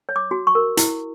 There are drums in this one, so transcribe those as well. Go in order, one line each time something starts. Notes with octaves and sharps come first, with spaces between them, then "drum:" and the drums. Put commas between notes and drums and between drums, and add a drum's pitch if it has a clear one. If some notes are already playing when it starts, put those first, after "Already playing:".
C#5
D6
F#4
C#6
A#4
E4, drum: hi-hat